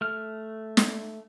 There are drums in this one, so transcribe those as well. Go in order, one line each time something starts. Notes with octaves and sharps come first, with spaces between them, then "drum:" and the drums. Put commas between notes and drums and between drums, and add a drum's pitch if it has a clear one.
A3 F6
drum: snare